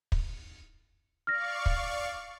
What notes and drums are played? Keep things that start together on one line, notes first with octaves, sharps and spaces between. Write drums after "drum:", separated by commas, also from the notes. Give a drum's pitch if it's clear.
drum: kick
D5 F5 C#6 F6 A#6
drum: kick